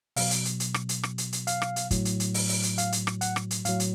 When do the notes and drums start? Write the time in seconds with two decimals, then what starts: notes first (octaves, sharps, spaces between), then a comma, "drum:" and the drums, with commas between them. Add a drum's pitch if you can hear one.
0.16 B2 F#3 F5, drum: open hi-hat
0.31 drum: hi-hat
0.45 drum: hi-hat
0.60 drum: hi-hat
0.74 drum: rim click
0.89 drum: hi-hat
1.03 drum: rim click
1.18 drum: hi-hat
1.33 drum: hi-hat
1.47 F5, drum: hi-hat
1.62 drum: rim click
1.76 drum: hi-hat
1.91 A2 F#3, drum: kick, hi-hat
2.05 drum: hi-hat
2.20 drum: hi-hat
2.34 drum: open hi-hat
2.49 drum: open hi-hat
2.63 drum: hi-hat
2.78 F5, drum: hi-hat
2.92 drum: hi-hat
3.07 drum: rim click
3.21 F#5, drum: hi-hat
3.36 drum: rim click
3.51 drum: hi-hat
3.65 A2 F#3 F5, drum: hi-hat
3.80 drum: hi-hat